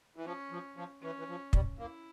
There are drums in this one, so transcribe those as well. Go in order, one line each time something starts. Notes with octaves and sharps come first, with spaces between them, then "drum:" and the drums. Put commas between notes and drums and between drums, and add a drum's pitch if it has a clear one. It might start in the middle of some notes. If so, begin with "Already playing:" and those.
E3
F3 C#4
F3
F3
E3 C#4
E3
F3
G3, drum: kick
A#3 E4